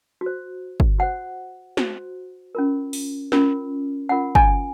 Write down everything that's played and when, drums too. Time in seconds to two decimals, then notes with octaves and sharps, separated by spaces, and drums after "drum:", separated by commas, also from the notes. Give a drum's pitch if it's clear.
0.21 F#4
0.26 C5
0.80 drum: kick
0.99 F#4 C5 F#5
1.77 F#4 C5, drum: snare
2.55 C#4 F4 A#4
2.93 drum: open hi-hat
3.32 C#4 F4 A#4, drum: snare
4.09 C#4 F4 A#4 F#5
4.35 G#5, drum: kick